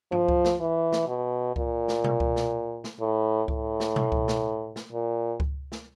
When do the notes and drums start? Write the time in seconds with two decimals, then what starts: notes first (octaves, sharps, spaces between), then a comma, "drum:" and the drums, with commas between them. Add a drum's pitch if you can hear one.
0.12 F3, drum: tom G2
0.28 drum: kick C#2
0.44 drum: snare
0.60 E3
0.92 drum: snare
1.08 B2
1.56 A#2, drum: kick C#2
1.88 drum: snare
2.04 drum: tom B2
2.20 drum: kick C#2
2.36 drum: snare
2.84 drum: snare
3.00 A2
3.48 A2, drum: kick C#2
3.80 drum: snare
3.96 drum: tom B2
4.12 drum: kick C#2
4.28 drum: snare
4.76 drum: snare
4.92 A#2
5.40 drum: kick C#2
5.72 drum: snare